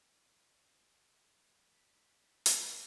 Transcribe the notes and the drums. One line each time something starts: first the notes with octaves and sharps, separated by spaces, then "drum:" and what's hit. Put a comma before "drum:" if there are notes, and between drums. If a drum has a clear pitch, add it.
B6
drum: hi-hat